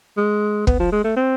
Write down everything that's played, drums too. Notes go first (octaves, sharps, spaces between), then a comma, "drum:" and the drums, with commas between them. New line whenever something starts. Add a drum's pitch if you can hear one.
G#3
B3, drum: kick
F3
G#3
A3
C4